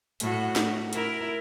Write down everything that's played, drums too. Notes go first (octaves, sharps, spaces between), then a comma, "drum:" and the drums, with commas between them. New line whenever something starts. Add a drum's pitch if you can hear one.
A2 F#4, drum: hi-hat
drum: snare
E4 A#4, drum: hi-hat